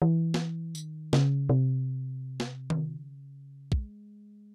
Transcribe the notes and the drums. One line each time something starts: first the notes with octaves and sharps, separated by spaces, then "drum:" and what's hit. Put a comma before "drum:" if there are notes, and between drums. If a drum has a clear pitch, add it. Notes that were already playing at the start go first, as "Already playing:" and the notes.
E3
drum: snare
D#3, drum: tambourine
C#3, drum: snare
C3
drum: snare
drum: tom D#3
C#3
G#3, drum: kick